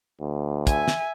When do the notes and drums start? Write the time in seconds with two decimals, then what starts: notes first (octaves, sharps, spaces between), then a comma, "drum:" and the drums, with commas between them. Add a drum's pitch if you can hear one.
0.21 D2
0.67 E5 G#5, drum: kick, hi-hat
0.88 drum: snare